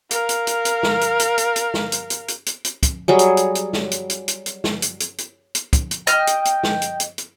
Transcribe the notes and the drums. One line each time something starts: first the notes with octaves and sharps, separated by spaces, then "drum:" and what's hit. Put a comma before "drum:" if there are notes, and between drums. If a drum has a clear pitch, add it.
A#4 F5, drum: hi-hat
drum: hi-hat
drum: hi-hat
drum: hi-hat
drum: snare
drum: hi-hat
drum: hi-hat
drum: hi-hat
drum: hi-hat
drum: snare
drum: hi-hat
drum: hi-hat
drum: hi-hat
drum: hi-hat
drum: hi-hat
drum: kick, hi-hat
F#3 G3 G#4
drum: hi-hat
drum: hi-hat
drum: hi-hat
drum: snare
drum: hi-hat
drum: hi-hat
drum: hi-hat
drum: hi-hat
drum: snare
drum: hi-hat
drum: hi-hat
drum: hi-hat
drum: hi-hat
drum: kick, hi-hat
drum: hi-hat
D#5 G5 F6, drum: hi-hat
drum: hi-hat
drum: hi-hat
drum: snare
drum: hi-hat
drum: hi-hat
drum: hi-hat